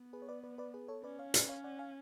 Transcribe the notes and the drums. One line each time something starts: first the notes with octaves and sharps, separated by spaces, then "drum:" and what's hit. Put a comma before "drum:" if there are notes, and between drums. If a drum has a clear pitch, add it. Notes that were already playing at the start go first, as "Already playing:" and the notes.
Already playing: B3
G#4 B4
C#5
B4 D5
B4 D5
B4 D5
G#4 B4
A4 C#5
C#4 B4 D5
C#5 F5
B4 D5, drum: hi-hat
C#5 F5
D5 F#5
F5 G#5